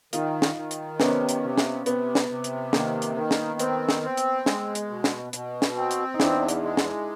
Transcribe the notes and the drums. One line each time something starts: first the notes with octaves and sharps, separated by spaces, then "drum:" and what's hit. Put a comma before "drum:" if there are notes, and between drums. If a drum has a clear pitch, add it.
D#3 D#4 F4, drum: hi-hat
drum: snare
D#3
drum: hi-hat
C3 B3 C#4, drum: snare
drum: hi-hat
C3
drum: snare
C3 B3, drum: hi-hat
drum: snare
C3
drum: hi-hat
D#3 A#3, drum: snare
drum: hi-hat
D#3
drum: snare
B3 C4, drum: hi-hat
drum: snare
C4
drum: hi-hat
G#3, drum: snare
drum: hi-hat
B2
drum: snare
B2, drum: hi-hat
drum: snare
C4
drum: hi-hat
D#4
E2 D4 E4, drum: snare
drum: hi-hat
G#3
drum: snare